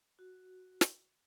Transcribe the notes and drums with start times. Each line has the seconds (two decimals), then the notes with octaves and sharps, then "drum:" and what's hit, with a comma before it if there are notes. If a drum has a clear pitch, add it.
0.19 F#4
0.81 drum: snare